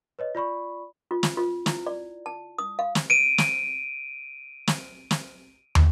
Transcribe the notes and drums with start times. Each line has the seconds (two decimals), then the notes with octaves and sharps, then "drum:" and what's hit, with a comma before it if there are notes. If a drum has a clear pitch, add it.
0.19 B4 C#5 D#5
0.35 F4 D5 B5 C#6
1.11 F4
1.23 drum: snare
1.37 F4
1.66 E4, drum: snare
1.87 D5
2.26 A5
2.58 D#6
2.79 F5
2.95 drum: snare
3.10 D7 D#7
3.38 drum: snare
4.67 drum: snare
5.11 drum: snare
5.75 drum: tom